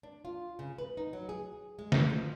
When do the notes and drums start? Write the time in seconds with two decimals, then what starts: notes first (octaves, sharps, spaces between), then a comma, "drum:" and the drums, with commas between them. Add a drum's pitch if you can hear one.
0.03 D4
0.25 F4
0.59 C#3
0.78 B4
0.97 D#4
1.13 F#3
1.29 G#4
1.79 G#3
1.92 drum: snare
2.10 F3